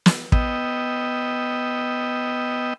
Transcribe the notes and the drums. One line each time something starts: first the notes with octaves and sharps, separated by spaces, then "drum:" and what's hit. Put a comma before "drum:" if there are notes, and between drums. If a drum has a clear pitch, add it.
drum: snare
B3 D#5 G5 E6, drum: kick